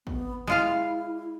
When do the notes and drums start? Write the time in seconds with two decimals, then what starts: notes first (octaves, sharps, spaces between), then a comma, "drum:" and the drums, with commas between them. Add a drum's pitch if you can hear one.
0.07 B3, drum: kick
0.47 G#3 E4 F4 F5